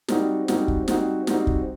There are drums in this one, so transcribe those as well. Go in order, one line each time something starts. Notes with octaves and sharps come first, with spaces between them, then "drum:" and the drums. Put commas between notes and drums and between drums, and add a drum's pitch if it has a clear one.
G3 C4 D#4 F#4, drum: snare
G3 C4 D#4 F#4, drum: snare
drum: kick
G3 C4 D#4 F#4, drum: snare
G3 C4 D#4 F#4, drum: snare
drum: kick